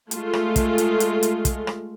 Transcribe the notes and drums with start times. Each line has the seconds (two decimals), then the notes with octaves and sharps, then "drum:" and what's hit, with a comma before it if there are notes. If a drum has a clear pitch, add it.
0.11 G#3 A3 F4, drum: hi-hat
0.33 drum: rim click
0.56 drum: kick, hi-hat
0.78 drum: hi-hat
1.00 drum: hi-hat
1.23 drum: hi-hat
1.45 drum: kick, hi-hat
1.67 drum: rim click